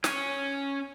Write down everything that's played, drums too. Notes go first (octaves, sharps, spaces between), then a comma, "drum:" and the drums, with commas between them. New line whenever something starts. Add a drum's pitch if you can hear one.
C#4 C#5, drum: snare